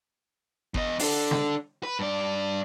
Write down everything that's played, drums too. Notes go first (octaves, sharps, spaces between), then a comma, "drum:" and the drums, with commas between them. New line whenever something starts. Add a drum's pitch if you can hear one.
E2 D#5, drum: kick G1
D4 A4, drum: open hi-hat
drum: snare
B4
G2 D5